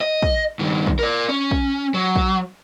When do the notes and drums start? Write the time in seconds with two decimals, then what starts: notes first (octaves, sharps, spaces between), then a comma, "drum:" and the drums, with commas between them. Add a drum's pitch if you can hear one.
0.01 D#5
0.22 drum: kick
0.59 G2 D#3
0.87 drum: kick
0.99 A#4 D5
1.29 C#4
1.51 drum: kick
1.94 F#3
2.16 drum: kick